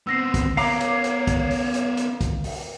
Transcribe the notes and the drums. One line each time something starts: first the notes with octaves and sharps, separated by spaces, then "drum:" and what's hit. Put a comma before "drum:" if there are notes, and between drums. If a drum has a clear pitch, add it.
B3 C4 E6 A#6 C7
drum: kick, hi-hat
B3 A#4 C#5 F5 A#5 D6, drum: open hi-hat
drum: hi-hat
drum: hi-hat
drum: kick, hi-hat
drum: open hi-hat
drum: hi-hat
drum: hi-hat
drum: kick, hi-hat
drum: open hi-hat